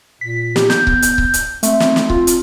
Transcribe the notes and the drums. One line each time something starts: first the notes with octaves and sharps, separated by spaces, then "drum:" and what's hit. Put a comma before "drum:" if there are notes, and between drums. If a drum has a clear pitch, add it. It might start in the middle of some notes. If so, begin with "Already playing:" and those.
A#2 B6
G4, drum: snare
B3 G6, drum: snare
drum: kick C#1
drum: hi-hat
drum: kick C#1
drum: hi-hat
A3 C4, drum: hi-hat
drum: snare
drum: snare
F4, drum: kick C#1
drum: hi-hat